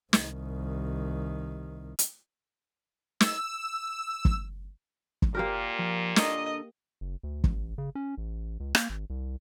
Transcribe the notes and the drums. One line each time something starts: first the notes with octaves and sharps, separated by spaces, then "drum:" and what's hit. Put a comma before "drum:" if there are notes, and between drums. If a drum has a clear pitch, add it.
C2 D#3, drum: snare
drum: hi-hat
E6, drum: snare
drum: kick
drum: kick
A#2 A#3 G4 A#4
F3
D4 A4 D#5 A#5, drum: snare
F#1
D2
A1, drum: kick
C#3
C#4
A1
C#2
A#3, drum: rim click
G#1
C2